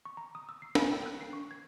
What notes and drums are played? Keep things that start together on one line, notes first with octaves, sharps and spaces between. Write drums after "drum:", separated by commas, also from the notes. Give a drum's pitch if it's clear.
C#6
A#5
D#6
E6
C7
G#5, drum: snare
G5
F#6
C7
C#6
G#6